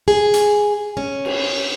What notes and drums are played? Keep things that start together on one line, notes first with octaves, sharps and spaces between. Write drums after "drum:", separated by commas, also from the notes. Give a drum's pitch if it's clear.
G#4
drum: hi-hat
C#4
drum: cymbal